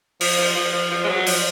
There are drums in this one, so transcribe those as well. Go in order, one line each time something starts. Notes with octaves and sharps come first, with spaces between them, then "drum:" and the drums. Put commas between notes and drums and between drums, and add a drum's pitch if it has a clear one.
F3, drum: open hi-hat
F3
F3
F3
F3
G#3
F#3
F3, drum: open hi-hat